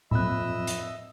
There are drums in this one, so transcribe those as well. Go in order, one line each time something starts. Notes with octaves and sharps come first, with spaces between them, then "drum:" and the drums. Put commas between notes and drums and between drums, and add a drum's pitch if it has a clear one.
F2 D#5 E5 B5 E6 F#6, drum: tom A2
drum: hi-hat